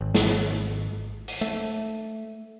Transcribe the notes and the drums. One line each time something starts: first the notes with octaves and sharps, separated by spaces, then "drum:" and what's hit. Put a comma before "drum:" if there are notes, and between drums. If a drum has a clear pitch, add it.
G#1
drum: snare
drum: open hi-hat
A3, drum: hi-hat